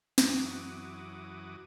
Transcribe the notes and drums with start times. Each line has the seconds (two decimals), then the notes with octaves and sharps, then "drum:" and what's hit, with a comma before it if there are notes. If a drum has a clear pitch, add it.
0.18 F#2 E3 F#4 D6 D#6, drum: snare